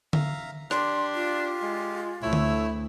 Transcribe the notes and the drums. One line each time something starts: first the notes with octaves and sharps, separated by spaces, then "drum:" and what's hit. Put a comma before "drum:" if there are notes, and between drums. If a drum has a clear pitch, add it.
E5 F5 A#5, drum: tom D3
D4 G4 C6, drum: rim click
F4
G#3
D2 A3 E4 C#5 E6
drum: tom D3